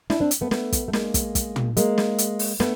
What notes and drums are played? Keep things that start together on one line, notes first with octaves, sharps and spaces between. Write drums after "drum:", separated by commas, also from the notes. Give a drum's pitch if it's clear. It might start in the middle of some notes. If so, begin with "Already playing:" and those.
D4 E4, drum: snare
C4 D4
drum: hi-hat
A3 B3
A3 B3, drum: snare
drum: kick, hi-hat
A3
G#3 A#3, drum: snare
drum: kick, hi-hat
drum: kick, hi-hat
drum: tom
G#3 A#3, drum: hi-hat
drum: snare
drum: hi-hat
drum: open hi-hat
A3 B3, drum: snare